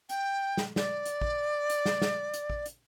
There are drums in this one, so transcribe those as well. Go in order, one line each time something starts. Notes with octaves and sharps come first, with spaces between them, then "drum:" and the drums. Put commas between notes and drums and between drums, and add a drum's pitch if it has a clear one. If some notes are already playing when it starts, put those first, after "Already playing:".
G5, drum: hi-hat
drum: snare
D5, drum: snare
drum: hi-hat
drum: kick
drum: hi-hat
drum: snare
drum: snare
drum: hi-hat
drum: kick
drum: hi-hat